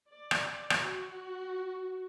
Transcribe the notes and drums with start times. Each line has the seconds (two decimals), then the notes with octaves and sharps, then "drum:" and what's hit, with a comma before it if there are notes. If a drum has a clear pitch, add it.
0.11 D5
0.31 drum: rim click
0.70 drum: rim click
0.82 F#4